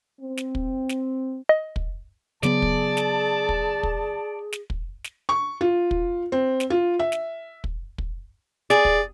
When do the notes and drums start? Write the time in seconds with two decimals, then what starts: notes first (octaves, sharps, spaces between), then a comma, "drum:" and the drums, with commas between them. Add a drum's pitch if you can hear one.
0.20 C4
0.37 drum: snare
0.55 drum: kick
0.89 drum: snare
1.49 D#5
1.76 drum: kick
2.43 C#3 F#3 B3 G#4 D5 A5, drum: snare
2.62 drum: kick
2.97 drum: snare
3.49 drum: kick
3.83 drum: kick
4.52 drum: snare
4.70 drum: kick
5.04 drum: snare
5.29 C#6
5.61 F4
5.91 drum: kick
6.32 C4
6.60 drum: snare
6.70 F4
6.99 E5
7.12 drum: snare
7.64 drum: kick
7.98 drum: kick
8.70 G#4 D5, drum: snare
8.85 drum: kick